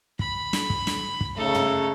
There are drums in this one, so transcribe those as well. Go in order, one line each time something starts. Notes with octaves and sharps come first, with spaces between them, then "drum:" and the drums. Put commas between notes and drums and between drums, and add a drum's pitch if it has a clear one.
B5, drum: kick
drum: snare
drum: kick
drum: snare
drum: kick
C#3 A3 D#4 A4
drum: tom